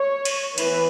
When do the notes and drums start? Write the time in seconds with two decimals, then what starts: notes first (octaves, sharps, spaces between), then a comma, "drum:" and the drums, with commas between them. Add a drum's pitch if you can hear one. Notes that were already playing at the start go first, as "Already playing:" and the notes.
Already playing: C#5
0.25 drum: cymbal
0.58 E3 B3 B4, drum: cymbal